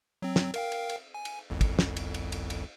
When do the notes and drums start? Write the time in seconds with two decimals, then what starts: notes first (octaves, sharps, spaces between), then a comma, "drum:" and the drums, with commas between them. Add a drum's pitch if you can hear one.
0.22 F#3 C4
0.36 drum: snare
0.54 A#4 F5 G5, drum: cymbal
0.72 drum: cymbal
0.89 drum: cymbal
1.14 G#5
1.25 drum: cymbal
1.50 G1 C2 F2
1.61 drum: kick, cymbal
1.79 drum: snare
1.97 drum: cymbal
2.14 drum: cymbal
2.32 drum: cymbal
2.50 drum: cymbal